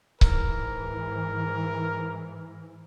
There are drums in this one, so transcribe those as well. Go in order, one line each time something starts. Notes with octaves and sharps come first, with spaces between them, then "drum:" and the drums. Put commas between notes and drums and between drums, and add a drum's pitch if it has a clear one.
G#2 E3 A#4, drum: kick C#1